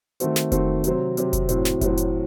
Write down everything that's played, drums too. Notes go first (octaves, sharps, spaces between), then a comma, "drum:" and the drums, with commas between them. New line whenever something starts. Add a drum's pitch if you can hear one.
D#3 A3 C4 F#4, drum: hi-hat
drum: snare
D#3 A3 C4 F#4, drum: kick F1, hi-hat
C3 F#3 C4, drum: hi-hat
C3 F#3 C4, drum: hi-hat
drum: kick F1, hi-hat
A2 F#3 C4, drum: hi-hat
drum: snare
A2 F#3 C4, drum: kick F1, hi-hat
drum: hi-hat